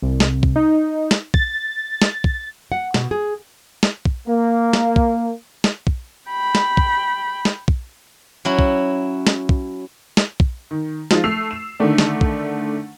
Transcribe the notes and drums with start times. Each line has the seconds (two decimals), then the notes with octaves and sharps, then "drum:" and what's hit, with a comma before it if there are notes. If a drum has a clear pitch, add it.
0.02 C2
0.20 drum: snare
0.43 drum: kick
0.56 D#4
1.11 drum: snare
1.34 A6, drum: kick
2.02 drum: snare
2.24 drum: kick
2.72 F#5
2.94 B2, drum: snare
3.11 G#4
3.83 drum: snare
4.05 drum: kick
4.28 A#3
4.73 drum: snare
4.96 drum: kick
5.64 drum: snare
5.87 drum: kick
6.30 G5 B5
6.55 drum: snare
6.77 drum: kick
7.45 drum: snare
7.68 drum: kick
8.45 F#3 C#4 E4
8.59 drum: kick
9.27 drum: snare
9.49 drum: kick
10.17 drum: snare
10.40 drum: kick
10.71 D#3
11.11 F3 G#3 D#4 F4, drum: snare
11.24 A3 E6 C7 F7
11.51 E7
11.80 D3 D#3 A3 D4
11.98 drum: snare
12.21 drum: kick